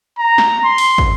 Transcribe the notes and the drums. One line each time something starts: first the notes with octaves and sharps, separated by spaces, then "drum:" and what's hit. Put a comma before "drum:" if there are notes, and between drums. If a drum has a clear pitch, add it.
A#5
drum: snare
C6
drum: open hi-hat
drum: kick